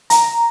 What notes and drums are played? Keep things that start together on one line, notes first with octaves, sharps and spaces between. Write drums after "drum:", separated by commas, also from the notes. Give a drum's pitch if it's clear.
A#5, drum: hi-hat